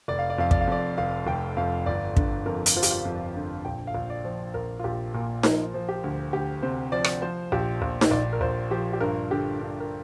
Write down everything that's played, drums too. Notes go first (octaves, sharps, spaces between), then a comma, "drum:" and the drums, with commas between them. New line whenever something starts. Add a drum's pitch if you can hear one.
F1 D5
F5
D5
F2 F5
D5, drum: kick
F5
F2 D5
F1 F5
F1 G5
F2 F5
G1 D5
D3, drum: kick
F2 A#4
drum: hi-hat
F3 F4
G4, drum: hi-hat
F4
F2
D3
A#1 G5
F5
A#1
D5
F3
A#1 A#4
F4
A#1 G4
A#2 A#4
F3 A#4, drum: snare D#4
F3
G4
D2
D2 G4
C3 C5
F3 D5
drum: rim click
F3 C5
A#1 G4
A#1
drum: snare D#4
A#1 D5
A#4
A#1 C5
F3 G4
G4
G2 A#4
D3 G4
G2
A#4